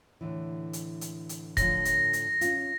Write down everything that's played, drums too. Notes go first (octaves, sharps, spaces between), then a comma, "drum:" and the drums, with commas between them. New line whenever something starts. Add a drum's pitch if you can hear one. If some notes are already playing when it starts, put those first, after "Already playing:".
A2 D3 E3
drum: hi-hat
drum: hi-hat
drum: hi-hat
A2 D3 F3 A#6, drum: kick E1, hi-hat
drum: hi-hat
drum: hi-hat
C#4 F4, drum: hi-hat